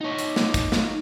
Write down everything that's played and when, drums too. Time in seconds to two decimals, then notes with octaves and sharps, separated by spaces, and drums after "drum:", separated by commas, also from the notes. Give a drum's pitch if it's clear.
0.01 D#4 C#5
0.19 drum: hi-hat
0.36 drum: snare
0.54 drum: kick, hi-hat
0.72 drum: snare